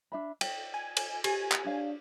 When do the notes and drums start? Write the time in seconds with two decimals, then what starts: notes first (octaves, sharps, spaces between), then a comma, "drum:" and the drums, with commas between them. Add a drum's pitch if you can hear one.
0.12 D4 E5 B5
0.41 D5 G5, drum: cymbal
0.74 G#5
0.97 drum: cymbal
1.24 G4 G#5, drum: cymbal
1.52 drum: clap
1.65 D4 C#5 F5